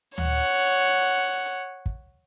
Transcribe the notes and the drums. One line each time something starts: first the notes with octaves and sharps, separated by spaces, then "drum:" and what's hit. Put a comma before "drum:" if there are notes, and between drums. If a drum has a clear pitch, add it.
C#5 F#5, drum: tom D2
drum: hi-hat
drum: kick